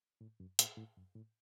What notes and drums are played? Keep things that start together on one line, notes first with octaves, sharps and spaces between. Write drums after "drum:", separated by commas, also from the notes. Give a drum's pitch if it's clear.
A2
F#2
A2, drum: hi-hat
A2
F#2
A2